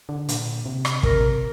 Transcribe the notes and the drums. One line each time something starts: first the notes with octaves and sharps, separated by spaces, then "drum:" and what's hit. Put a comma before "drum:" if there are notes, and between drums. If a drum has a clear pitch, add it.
D3
A#2, drum: hi-hat
C3
drum: rim click
C3 A#4, drum: kick